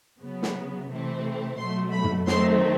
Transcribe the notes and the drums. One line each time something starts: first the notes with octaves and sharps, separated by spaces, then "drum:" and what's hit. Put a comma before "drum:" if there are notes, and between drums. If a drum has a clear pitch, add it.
C#3 F#3 B3
drum: snare
C3 E3 A3 C4
B2 F#3 A3 C6
B5
drum: tom
D#3 F#3 A3 C4 C6, drum: snare